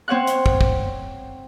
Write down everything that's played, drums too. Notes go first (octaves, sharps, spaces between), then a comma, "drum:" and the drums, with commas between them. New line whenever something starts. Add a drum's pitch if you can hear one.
C4 C#5 F#5 F#6
drum: hi-hat
drum: kick
drum: kick